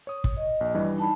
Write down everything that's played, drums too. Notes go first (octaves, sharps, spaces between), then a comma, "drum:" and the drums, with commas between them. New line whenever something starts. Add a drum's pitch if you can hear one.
C#5 D#6
drum: kick
D#5
A#1
G2 E3 G3
D#4 A5 B5